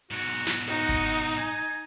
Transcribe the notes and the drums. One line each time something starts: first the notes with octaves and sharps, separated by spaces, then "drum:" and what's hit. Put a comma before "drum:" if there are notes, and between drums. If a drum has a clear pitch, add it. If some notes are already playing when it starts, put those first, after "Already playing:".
G#2 B2 F#4
drum: hi-hat
drum: snare
D#4 F#4, drum: hi-hat
drum: kick G1, hi-hat
drum: hi-hat
G#5